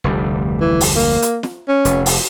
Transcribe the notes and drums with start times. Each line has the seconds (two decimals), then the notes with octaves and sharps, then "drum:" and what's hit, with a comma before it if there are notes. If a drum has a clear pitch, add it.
0.04 F1 D2 G3
0.61 E3
0.81 drum: open hi-hat
0.96 A#3
1.22 drum: hi-hat
1.43 drum: snare
1.68 C#4
1.85 F1, drum: hi-hat
2.06 drum: open hi-hat